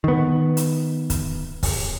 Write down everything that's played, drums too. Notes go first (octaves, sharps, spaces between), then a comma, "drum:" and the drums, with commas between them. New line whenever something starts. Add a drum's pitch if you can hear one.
D#3 B3
drum: hi-hat
drum: kick, hi-hat
drum: kick, open hi-hat